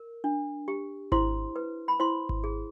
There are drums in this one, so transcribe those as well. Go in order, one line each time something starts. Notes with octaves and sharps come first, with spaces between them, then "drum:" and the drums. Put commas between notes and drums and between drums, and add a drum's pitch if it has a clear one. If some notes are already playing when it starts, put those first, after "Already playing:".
Already playing: A#4
D4
G4
E4 C5 C6, drum: kick G#1
B4
B5
E4 C5 C6
drum: kick G#1
G#4